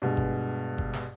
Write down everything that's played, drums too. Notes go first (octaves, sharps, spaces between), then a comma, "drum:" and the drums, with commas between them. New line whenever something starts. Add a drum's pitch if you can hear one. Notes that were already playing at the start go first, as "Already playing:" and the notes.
G2 B2 G#3
drum: kick G1
drum: kick G1
drum: snare